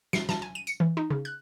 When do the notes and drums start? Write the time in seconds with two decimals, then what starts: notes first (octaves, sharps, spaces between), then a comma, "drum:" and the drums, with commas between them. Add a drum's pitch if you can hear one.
0.13 C7, drum: snare
0.29 A5, drum: snare
0.42 G#5
0.55 D#7
0.67 C#7, drum: tambourine
0.80 E3
0.97 D#4
1.11 C#3
1.25 F#6